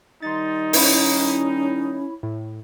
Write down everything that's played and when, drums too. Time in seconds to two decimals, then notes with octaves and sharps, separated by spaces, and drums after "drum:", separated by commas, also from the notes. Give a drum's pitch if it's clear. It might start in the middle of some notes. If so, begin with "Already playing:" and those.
0.22 D#3 G3 D#4 C6 A6
0.73 C#4 E4 C#5 B5, drum: open hi-hat
2.23 A2